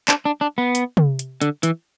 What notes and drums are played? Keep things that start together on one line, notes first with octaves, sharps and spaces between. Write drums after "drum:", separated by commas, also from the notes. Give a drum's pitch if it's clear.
D4, drum: clap
D4
D4
B3
drum: hi-hat
drum: tom
drum: hi-hat
D3, drum: hi-hat
E3, drum: hi-hat